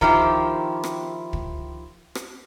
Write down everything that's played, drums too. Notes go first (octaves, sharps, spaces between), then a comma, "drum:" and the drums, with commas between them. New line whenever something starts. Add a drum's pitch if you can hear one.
D#3 F3 E4 G4, drum: kick
drum: rim click
drum: kick
drum: rim click